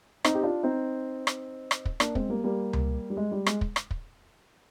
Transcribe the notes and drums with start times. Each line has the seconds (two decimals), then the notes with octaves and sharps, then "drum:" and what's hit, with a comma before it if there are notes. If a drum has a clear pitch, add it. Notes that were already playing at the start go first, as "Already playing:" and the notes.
0.24 C4 D#4, drum: rim click
0.35 G4
0.43 D4 F4
0.63 C4 D#4
1.27 drum: rim click
1.71 drum: rim click
1.85 drum: kick
2.00 A#3 D4, drum: rim click
2.15 G#3 C4, drum: kick
2.29 G3 A#3
2.44 G3 A#3
2.73 drum: tom C#2
3.10 G3
3.17 G#3
3.32 G3
3.46 G#3, drum: rim click
3.61 drum: kick
3.76 drum: rim click
3.91 drum: kick